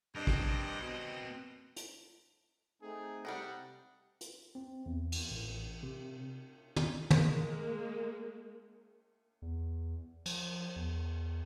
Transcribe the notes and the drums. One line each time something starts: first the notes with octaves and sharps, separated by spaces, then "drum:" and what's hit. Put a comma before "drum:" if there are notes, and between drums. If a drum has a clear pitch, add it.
G2 C4 A#4 D#5
drum: kick A1
B2
drum: hi-hat
A3 C4 D#4 G#4
C3 G3 D4 D#4 F#5
drum: hi-hat
C4
E2
drum: cymbal
A1
C3
drum: tom
G#3 A#3, drum: tom
E2
F3, drum: cymbal
E2